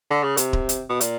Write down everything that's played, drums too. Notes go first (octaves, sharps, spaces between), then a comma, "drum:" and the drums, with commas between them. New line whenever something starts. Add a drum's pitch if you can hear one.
D3
C#3
C3, drum: hi-hat
drum: kick D1
drum: hi-hat
B2
A#2, drum: hi-hat